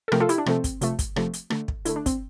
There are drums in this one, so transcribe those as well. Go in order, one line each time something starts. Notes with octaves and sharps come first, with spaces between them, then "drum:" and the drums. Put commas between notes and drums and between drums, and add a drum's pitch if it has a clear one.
A4
C3 F3 A3 G4 A#4, drum: rim click
F4 A4
E4 G4, drum: hi-hat
D4
C3 F3 A3 C4, drum: rim click
drum: kick, hi-hat
C3 F3 A3, drum: hi-hat
drum: kick, hi-hat
C3 F3 A3, drum: rim click
drum: hi-hat
D3 A3, drum: rim click
drum: kick
D3 A3 E4, drum: hi-hat
D4
C4, drum: kick, hi-hat